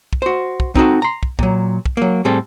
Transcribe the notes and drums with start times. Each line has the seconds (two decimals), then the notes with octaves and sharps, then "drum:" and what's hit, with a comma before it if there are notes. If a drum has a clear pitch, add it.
0.13 drum: kick
0.22 F#4 C5
0.60 drum: kick
0.75 C4 D#4 F4 F#4 A4, drum: kick
1.02 A#5 C6
1.23 drum: kick
1.39 A#2 F#3, drum: kick
1.86 drum: kick
1.97 F#3 A#3
2.25 A2 G3 C4 G#4 A4